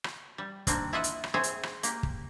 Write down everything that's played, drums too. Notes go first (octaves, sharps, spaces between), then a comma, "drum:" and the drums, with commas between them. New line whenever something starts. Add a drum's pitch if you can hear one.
drum: rim click
G3
D#3 G3 A#3 C4 D4, drum: kick, hi-hat
E4 F4 D#5 E5 F#5
drum: hi-hat
drum: rim click
C4 G#4 C5 C#5 E5
drum: hi-hat
drum: rim click
A#3 G4, drum: hi-hat
drum: kick